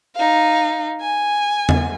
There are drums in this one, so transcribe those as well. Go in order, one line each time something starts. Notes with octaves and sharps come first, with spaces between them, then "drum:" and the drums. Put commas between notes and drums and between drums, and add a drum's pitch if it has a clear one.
D#4 F5
G#5
drum: tom E2